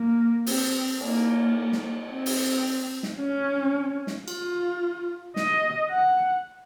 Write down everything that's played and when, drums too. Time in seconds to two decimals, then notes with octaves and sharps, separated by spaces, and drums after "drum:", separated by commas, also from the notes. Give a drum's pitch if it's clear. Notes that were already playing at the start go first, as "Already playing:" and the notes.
Already playing: A#3
0.46 C4, drum: open hi-hat
1.01 A#3, drum: cymbal
1.72 drum: snare
2.09 C4
2.26 drum: open hi-hat
3.03 drum: snare
3.19 C#4
4.07 drum: snare
4.28 F4, drum: cymbal
5.36 D#5, drum: snare
5.91 F#5